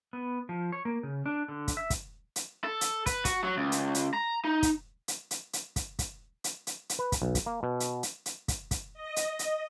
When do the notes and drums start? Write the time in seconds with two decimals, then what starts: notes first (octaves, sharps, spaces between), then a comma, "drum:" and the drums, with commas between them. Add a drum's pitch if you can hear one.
0.13 B3
0.49 F3
0.72 C#5
0.85 A#3
1.03 C#3
1.26 D4
1.48 D3
1.68 drum: kick, hi-hat
1.77 E5
1.90 drum: kick, hi-hat
2.36 drum: hi-hat
2.64 A4
2.81 drum: hi-hat
3.06 B4, drum: kick, hi-hat
3.25 F#4, drum: kick, hi-hat
3.44 F#3
3.57 C#2
3.72 drum: hi-hat
3.95 drum: hi-hat
4.13 A#5
4.45 D#4
4.63 drum: kick, hi-hat
5.08 drum: hi-hat
5.31 drum: hi-hat
5.53 drum: hi-hat
5.76 drum: kick, hi-hat
5.99 drum: kick, hi-hat
6.44 drum: hi-hat
6.67 drum: hi-hat
6.89 drum: hi-hat
6.99 B4
7.12 drum: kick, hi-hat
7.22 B1
7.35 drum: kick, hi-hat
7.46 A#3
7.63 B2
7.80 drum: hi-hat
8.03 drum: hi-hat
8.26 drum: hi-hat
8.48 drum: kick, hi-hat
8.71 drum: kick, hi-hat
8.94 D#5
9.16 drum: hi-hat
9.39 drum: hi-hat